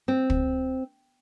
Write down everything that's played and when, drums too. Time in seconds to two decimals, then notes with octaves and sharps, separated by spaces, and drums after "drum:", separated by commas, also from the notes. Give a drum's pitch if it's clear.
0.08 C4
0.30 drum: kick